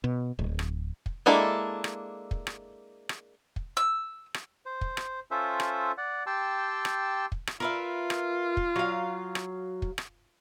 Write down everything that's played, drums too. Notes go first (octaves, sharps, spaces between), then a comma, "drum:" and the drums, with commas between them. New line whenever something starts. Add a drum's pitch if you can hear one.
B2
D1
drum: rim click
drum: kick
G#3 A#3 D4 E4 A4
drum: rim click
drum: kick
drum: rim click
drum: rim click
drum: kick
E6
drum: rim click
C5
drum: kick
drum: rim click
C#4 F4 A4 C5 E5
drum: rim click
D5 F#5
G4 G5 A5 C6 E6
drum: rim click
drum: kick
drum: rim click
F4 A#4 B4 E5
drum: rim click
drum: kick
F#3 F5
drum: rim click
drum: kick
drum: rim click